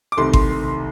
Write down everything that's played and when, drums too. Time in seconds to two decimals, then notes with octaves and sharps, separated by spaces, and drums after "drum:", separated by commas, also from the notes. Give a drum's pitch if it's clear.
0.12 D6
0.17 C2 C3 D#3 A3 C6
0.33 C6, drum: kick G#1